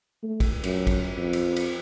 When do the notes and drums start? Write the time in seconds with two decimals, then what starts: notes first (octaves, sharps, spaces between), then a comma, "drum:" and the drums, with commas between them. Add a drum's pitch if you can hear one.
0.23 A3
0.40 drum: kick, cymbal
0.64 F#2, drum: cymbal
0.87 drum: kick, cymbal
1.18 F2
1.33 drum: cymbal
1.56 drum: cymbal